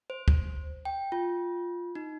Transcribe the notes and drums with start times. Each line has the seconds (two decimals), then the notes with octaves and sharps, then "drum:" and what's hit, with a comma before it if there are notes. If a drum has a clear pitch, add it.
0.10 C5
0.28 drum: kick D2
0.85 G5
1.12 F4
1.95 D#4